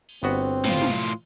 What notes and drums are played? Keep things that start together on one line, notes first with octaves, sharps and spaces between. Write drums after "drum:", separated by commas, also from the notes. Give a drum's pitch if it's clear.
drum: cymbal
G1 B3 C4 F#4
A2 F4, drum: tom
drum: tom